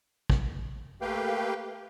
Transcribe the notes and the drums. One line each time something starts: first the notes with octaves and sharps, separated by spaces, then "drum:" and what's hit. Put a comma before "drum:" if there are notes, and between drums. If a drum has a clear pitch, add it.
drum: kick
A3 A#3 G4 B4 F5 G5